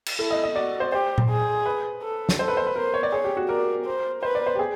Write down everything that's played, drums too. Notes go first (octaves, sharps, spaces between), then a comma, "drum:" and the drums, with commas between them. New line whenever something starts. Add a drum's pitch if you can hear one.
drum: cymbal
E4 A4
D#5
D#5
F#4 D5
C5
G4 C5
drum: tom A#2
G#4
B4
A4
drum: snare
A4 C5
B4
C5
B4
A#4 C5
C#5
D5
G#4 C#5
G4
F#4
A#4 D5
C5
B4 C5
D5
C5
G4
G#4